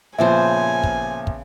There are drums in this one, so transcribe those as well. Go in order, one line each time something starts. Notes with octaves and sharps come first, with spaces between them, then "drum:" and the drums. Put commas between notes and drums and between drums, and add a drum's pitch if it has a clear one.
A#2 C#3 F3 B3 C5 E5 G#5
drum: kick
drum: kick